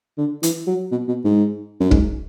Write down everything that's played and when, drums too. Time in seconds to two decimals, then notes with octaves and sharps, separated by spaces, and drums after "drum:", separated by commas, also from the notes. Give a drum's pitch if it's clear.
0.18 D3
0.43 E3, drum: hi-hat
0.67 F#3
0.92 B2
1.08 B2
1.24 G#2
1.80 F#2
1.91 G#2, drum: kick